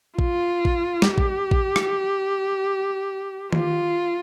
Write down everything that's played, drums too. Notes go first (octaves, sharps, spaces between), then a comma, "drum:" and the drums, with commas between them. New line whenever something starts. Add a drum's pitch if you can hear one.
F4, drum: kick A1
drum: kick A1
G4, drum: snare
drum: kick A1
drum: kick A1
drum: rim click
F4, drum: tom D#3